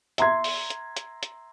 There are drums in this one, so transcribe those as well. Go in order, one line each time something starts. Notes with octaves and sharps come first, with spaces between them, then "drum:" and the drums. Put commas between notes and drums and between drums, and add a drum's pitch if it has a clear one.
E5 A#5 C6 G#6, drum: hi-hat
drum: open hi-hat
drum: hi-hat
drum: hi-hat
drum: hi-hat